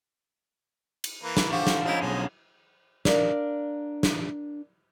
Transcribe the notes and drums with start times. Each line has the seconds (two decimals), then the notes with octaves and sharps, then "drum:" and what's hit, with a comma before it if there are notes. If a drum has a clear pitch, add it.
1.04 drum: cymbal
1.23 E3 A#3 B4
1.37 drum: snare
1.52 D3 F4 G4 C5 C#6
1.67 drum: snare
1.85 D3 F3 C#4 D#4 E4
2.01 B1 F3 G#3 D#4
3.05 D4 A#4 F5, drum: snare
4.03 drum: snare